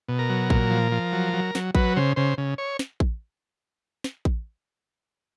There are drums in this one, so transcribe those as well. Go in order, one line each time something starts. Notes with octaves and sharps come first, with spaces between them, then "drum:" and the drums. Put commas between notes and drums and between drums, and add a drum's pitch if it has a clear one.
B2
A#4
F#3
A#2, drum: kick A1
F3
F3
F#3
F#3
F#3, drum: snare
F#3 B4, drum: kick A1
C#3 C5
C#3 C5
C#3
C#5
drum: snare
drum: kick A1
drum: snare
drum: kick A1